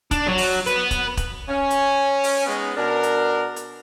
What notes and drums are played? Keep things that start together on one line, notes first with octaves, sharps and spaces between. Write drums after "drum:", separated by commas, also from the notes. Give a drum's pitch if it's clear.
D4, drum: kick, hi-hat
F#3
drum: open hi-hat
B3 B4, drum: hi-hat
drum: kick, hi-hat
drum: kick, hi-hat
C#4
drum: hi-hat
drum: open hi-hat
G#3 B3 C#4 D#4
B2 D4 A#4
drum: hi-hat
drum: hi-hat